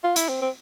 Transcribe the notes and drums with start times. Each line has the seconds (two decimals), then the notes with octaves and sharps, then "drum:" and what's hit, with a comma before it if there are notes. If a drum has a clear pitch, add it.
0.04 F4
0.16 E4, drum: hi-hat
0.29 C4
0.42 C4